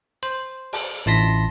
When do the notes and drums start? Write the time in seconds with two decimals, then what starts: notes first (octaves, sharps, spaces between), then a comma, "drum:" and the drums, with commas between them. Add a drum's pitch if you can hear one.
0.23 C5
0.73 drum: open hi-hat
1.06 A1 E4 A5 C6 A#6 B6